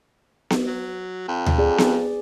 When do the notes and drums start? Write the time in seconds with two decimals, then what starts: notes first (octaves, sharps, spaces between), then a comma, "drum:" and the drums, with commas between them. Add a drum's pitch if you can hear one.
0.50 drum: snare B3
0.66 F#3
1.28 F2
1.46 drum: tom D2
1.58 G#4 D5
1.78 drum: snare B3